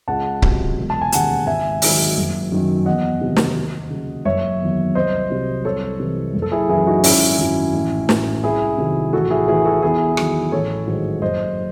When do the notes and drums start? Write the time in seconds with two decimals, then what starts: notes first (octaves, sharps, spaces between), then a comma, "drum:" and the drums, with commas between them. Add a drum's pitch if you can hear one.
0.08 C#2 F#5 A5
0.42 C3 F#3, drum: kick C#1
0.77 E1
0.90 A5
1.01 G#5
1.12 D#2 C#3 F#5 A5, drum: hi-hat
1.47 G#1 E5 G#5
1.82 G#2 D#3 F#3, drum: open hi-hat
2.17 F#1
2.52 F#2 D#3 F#3
2.86 E2 D#5 F#5
3.21 C3 D#3 F#3
3.36 drum: snare
3.56 D#2
3.90 C#3 F#3
4.25 F#1 C#5 E5
4.60 E2 D#3 F#3
4.95 C2 C5 D#5
5.30 C3 F#3
5.65 C2 A4 C#5
6.00 C3 E3
6.34 F#1
6.42 A4
6.52 E4 G#4
6.69 F#2 E3 E4 G#4
6.87 D#4 F#4
7.04 G#1 C#4 E4, drum: open hi-hat
7.39 F#2 D#3 F#3
7.73 A1
8.09 A2 F#3, drum: snare
8.43 C2 E4 G#4
8.78 C3 D#3 F#3
9.13 A1 F#4 A4
9.30 E4 G#4
9.48 A2 E3 E4 G#4
9.65 F#4 A4
9.82 E2 E4 G#4
10.17 D#3 F#3, drum: rim click
10.52 A1 A4 C#5
10.87 G#2 D#3 F#3
11.22 F#1 C5 D#5